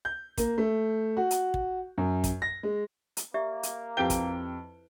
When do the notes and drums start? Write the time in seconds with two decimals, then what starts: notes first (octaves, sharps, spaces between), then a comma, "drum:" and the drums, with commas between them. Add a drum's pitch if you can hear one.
0.05 G6
0.38 A#3, drum: kick, hi-hat
0.58 A3
1.17 F#4
1.31 drum: hi-hat
1.54 drum: kick
1.98 F#2
2.24 drum: kick, hi-hat
2.42 A#6
2.63 G#3
3.17 drum: hi-hat
3.34 A#3 G4 D5 E5
3.63 drum: hi-hat
3.97 F2 E4 G4 B4 F5 G5 D7 G7
4.10 drum: kick, hi-hat